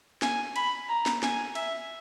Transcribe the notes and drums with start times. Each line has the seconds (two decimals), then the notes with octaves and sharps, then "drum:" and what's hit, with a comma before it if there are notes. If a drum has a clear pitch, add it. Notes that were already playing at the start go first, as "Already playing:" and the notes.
0.22 G#5, drum: snare
0.56 B5, drum: cymbal
0.89 A#5
1.06 drum: snare
1.23 G#5, drum: snare
1.55 E5, drum: cymbal